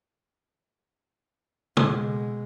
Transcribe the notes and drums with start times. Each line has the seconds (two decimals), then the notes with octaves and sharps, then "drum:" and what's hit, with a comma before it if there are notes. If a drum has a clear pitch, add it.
1.77 B2 G#3, drum: tom